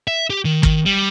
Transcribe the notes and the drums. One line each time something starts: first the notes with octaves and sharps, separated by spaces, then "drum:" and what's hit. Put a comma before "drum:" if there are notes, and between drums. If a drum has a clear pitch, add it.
E5
G4
D#3
D#3, drum: kick
G3